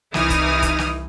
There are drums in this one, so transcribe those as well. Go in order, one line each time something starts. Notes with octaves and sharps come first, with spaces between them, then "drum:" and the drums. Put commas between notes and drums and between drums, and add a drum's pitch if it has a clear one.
C2 E3 D#4 E4 D#6 F6, drum: snare
drum: kick, hi-hat
drum: kick, hi-hat
drum: snare